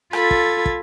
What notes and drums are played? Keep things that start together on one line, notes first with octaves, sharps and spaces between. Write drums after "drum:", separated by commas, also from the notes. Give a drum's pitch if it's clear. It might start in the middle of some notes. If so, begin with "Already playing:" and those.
F4 A4 B5 G#6, drum: rim click
drum: kick
drum: kick